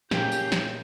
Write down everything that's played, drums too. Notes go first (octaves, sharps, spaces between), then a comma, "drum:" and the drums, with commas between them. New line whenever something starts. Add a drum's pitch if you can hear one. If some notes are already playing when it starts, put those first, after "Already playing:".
A#2 C#3 F#3 G4 G#4 A#4 G5 G6, drum: snare
drum: tambourine
drum: snare